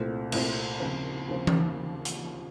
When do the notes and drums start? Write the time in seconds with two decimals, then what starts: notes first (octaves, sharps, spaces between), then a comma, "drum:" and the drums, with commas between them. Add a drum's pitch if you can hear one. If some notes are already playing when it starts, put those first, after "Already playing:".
Already playing: C2 A#2 A3 C4
0.32 C2 A#2 A3 C4, drum: cymbal
0.80 D#2 C#3 F3 C4
1.28 D#2 C#3 F3 C4
1.47 drum: tom E3
2.05 drum: hi-hat